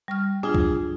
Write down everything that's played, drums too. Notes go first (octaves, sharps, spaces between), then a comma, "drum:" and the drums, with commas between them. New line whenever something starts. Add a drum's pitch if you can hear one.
G3 C#6 F6
D4 F4 G#4
drum: kick B1